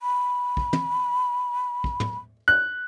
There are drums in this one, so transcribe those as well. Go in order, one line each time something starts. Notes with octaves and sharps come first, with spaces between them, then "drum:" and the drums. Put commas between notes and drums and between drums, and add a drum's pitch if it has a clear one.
B5
drum: kick
drum: tom
drum: kick
drum: tom
F#6